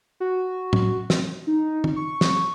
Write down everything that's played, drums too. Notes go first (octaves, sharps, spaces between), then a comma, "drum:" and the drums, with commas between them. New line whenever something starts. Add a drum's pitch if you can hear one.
F#4
drum: tom A2
drum: snare
D#4
drum: tom
C#6
drum: snare